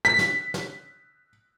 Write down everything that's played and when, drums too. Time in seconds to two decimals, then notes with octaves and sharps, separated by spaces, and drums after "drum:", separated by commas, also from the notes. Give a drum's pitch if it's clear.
0.05 B6
0.19 drum: snare
0.54 drum: snare